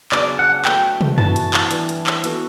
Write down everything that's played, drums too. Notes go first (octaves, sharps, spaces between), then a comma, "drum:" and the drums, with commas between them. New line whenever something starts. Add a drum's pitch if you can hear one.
C#3 F#3 B3 D4 D5, drum: clap
F#5
A3 D4 F#4 B4 G5, drum: clap
drum: tom
E3 B3 D4 F#4 A5, drum: tom F#2
drum: hi-hat
drum: clap
E3 G3 D4, drum: hi-hat
drum: hi-hat
drum: clap
B3 F#4 A4, drum: hi-hat